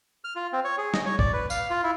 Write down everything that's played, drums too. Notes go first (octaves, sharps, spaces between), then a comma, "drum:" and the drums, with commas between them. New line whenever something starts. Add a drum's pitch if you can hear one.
F6
F4
C4
C#5
G#4
D#5, drum: snare
C#5
D5, drum: kick
B4
F5, drum: tambourine
F4
E4